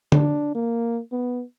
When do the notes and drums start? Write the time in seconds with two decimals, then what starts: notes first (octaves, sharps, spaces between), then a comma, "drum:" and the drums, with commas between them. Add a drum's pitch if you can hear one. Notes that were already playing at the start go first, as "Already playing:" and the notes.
0.12 D4, drum: tom D3
0.55 A#3
1.12 B3